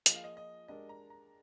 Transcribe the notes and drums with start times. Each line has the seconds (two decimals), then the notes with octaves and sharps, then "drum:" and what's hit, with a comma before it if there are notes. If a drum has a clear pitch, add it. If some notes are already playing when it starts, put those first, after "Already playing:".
0.06 F3 A#3 F4 G#4 D#5, drum: hi-hat
0.15 F5
0.24 D#5
0.37 D#5
0.68 G#3 D4 G4 A#4 D#5
0.89 A#5
1.10 A#5